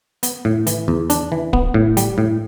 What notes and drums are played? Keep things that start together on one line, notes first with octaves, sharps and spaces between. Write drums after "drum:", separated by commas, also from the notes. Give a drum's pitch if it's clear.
B3, drum: hi-hat
A2
E3, drum: hi-hat
E2
D4, drum: hi-hat
E3
B3, drum: kick
A2
G3, drum: hi-hat
A2